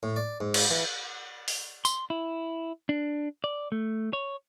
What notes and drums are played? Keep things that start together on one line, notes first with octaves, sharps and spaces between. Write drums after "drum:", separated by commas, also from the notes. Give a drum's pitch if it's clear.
A2
D5
G#2
drum: cymbal
E3
drum: open hi-hat
C6, drum: tambourine
E4
D4
D5
A3
C#5